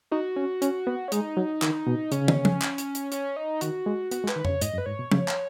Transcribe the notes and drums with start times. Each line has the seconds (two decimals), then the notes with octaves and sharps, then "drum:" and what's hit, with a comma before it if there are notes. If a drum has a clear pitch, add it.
0.11 D#4 F#4
0.36 C#4
0.62 C#4, drum: hi-hat
0.87 B3
1.08 C#4
1.12 G#3 D#4, drum: hi-hat
1.37 F#3
1.62 D#3, drum: clap
1.87 B2
2.12 C#3 C#4, drum: hi-hat
2.28 drum: tom
2.45 drum: tom F3
2.62 drum: clap
2.78 drum: hi-hat
2.95 drum: hi-hat
3.12 C#4, drum: hi-hat
3.37 D#4
3.61 D#3 F#4, drum: hi-hat
3.86 G#3
4.11 B3 F#4, drum: hi-hat
4.24 G#3
4.28 B4, drum: clap
4.36 D#3
4.39 B4
4.45 C#3 C#5, drum: tom F2
4.62 G#2 D#5, drum: hi-hat
4.74 F#2
4.78 B4
4.86 G#2 C#5
4.99 B2
5.12 C#3, drum: tom F3
5.28 drum: clap